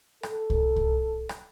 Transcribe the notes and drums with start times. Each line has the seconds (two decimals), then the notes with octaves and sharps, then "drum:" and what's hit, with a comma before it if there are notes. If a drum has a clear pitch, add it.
0.23 A4, drum: rim click
0.50 drum: kick C2
0.76 drum: kick C2
1.29 drum: rim click